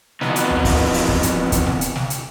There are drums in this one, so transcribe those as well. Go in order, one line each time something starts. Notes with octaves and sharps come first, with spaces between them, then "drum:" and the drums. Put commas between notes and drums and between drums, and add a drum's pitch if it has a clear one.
F2 B2 E3 B3 D#4, drum: snare
drum: hi-hat
drum: tom D2
drum: kick, open hi-hat
drum: open hi-hat
drum: kick
drum: hi-hat
drum: kick, hi-hat
drum: snare
drum: hi-hat
drum: snare
drum: hi-hat